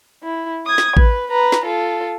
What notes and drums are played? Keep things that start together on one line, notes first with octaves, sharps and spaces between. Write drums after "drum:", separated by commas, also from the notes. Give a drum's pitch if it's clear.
E4
D#6 G#6
drum: snare
B4, drum: kick A1
B4 A#5
drum: snare
F4 A4